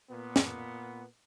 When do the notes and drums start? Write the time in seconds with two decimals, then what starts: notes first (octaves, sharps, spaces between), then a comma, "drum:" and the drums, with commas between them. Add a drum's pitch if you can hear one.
0.10 A#2 B3
0.36 drum: snare